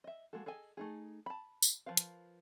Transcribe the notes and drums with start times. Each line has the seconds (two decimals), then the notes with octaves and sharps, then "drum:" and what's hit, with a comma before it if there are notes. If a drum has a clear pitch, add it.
0.04 D#5 E5
0.33 G#3 A#3 F#4 A4
0.46 G#4 A4 D#5 G#5
0.77 A3 D#4 G#4
1.26 A5 B5
1.62 drum: tambourine
1.86 F3 A#4 B4 F5
1.97 drum: hi-hat